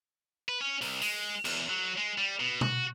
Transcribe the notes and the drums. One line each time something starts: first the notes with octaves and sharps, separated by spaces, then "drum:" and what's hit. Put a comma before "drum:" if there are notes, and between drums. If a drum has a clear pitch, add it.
B4
C#4
C2, drum: open hi-hat
G#3, drum: open hi-hat
E2, drum: cymbal
F#3
G#3
G3
B2
F#4, drum: tom